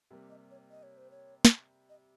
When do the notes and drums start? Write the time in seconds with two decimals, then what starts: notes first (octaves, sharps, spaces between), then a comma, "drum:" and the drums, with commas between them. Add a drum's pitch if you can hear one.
0.11 C3 G3 A#3
0.30 D#5
0.51 C#5
0.70 D#5
0.83 C#5
0.97 C5
1.11 C#5
1.45 drum: snare
1.89 D#5